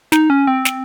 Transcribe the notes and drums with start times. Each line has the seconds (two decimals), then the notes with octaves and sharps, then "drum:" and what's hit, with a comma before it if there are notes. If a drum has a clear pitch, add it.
0.12 D#4, drum: snare
0.30 C#4
0.47 C4
0.65 drum: snare